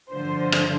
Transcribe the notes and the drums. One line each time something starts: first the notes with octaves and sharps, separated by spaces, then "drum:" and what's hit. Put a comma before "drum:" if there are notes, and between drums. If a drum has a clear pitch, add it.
G2 D3 F3 C5
drum: rim click